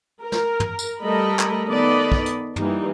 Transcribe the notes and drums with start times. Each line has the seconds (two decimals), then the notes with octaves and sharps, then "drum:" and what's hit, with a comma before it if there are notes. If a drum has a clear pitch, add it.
0.21 A#4
0.32 drum: snare
0.60 drum: tom
0.79 drum: tambourine
1.00 G3 A3 A4 A#4 D#5 B5
1.39 drum: clap
1.69 D#3 B3 A4 D5 D#5 B5
2.12 drum: kick
2.26 drum: hi-hat
2.56 E3 G3 A#3 D#4, drum: tom